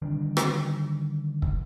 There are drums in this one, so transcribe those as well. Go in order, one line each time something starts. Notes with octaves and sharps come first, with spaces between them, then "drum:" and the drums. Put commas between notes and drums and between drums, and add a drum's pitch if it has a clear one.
D3 D#3 G3 D4
drum: rim click
drum: kick